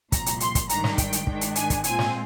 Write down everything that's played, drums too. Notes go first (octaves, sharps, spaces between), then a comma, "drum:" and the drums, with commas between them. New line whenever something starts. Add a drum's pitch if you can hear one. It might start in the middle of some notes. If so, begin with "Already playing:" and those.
C2 A#2 F3 A#5, drum: kick, hi-hat
drum: hi-hat
C6, drum: hi-hat
drum: kick, hi-hat
G#2 D#3 G3 D4 A#5, drum: hi-hat
drum: snare
G5, drum: kick, hi-hat
drum: hi-hat
G#2 D#3 G#3 D4, drum: kick
drum: hi-hat
G#5, drum: hi-hat
drum: kick, hi-hat
A#2 G#3 C4 F4 G#5, drum: hi-hat
drum: snare